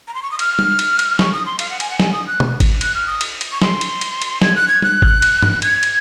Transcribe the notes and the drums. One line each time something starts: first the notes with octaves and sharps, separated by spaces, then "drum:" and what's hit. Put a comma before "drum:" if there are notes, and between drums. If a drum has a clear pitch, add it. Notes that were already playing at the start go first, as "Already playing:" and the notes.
A#5
C6
C#6
D#6
F6, drum: cymbal
drum: tom G3
drum: cymbal
drum: cymbal
C#6, drum: snare
D#6
C6
F5, drum: cymbal
F#5
G#5, drum: cymbal
F#5
G#5, drum: snare
D#6
F#6
drum: tom B2
drum: kick G#1, cymbal
F#6, drum: cymbal
F6
D#6
drum: cymbal
drum: cymbal
C#6
C6, drum: snare
drum: cymbal
drum: cymbal
drum: cymbal
G#6, drum: snare
F#6
G#6
F#6, drum: tom G3
drum: kick G#1
drum: cymbal
drum: tom G2
G#6, drum: cymbal
drum: cymbal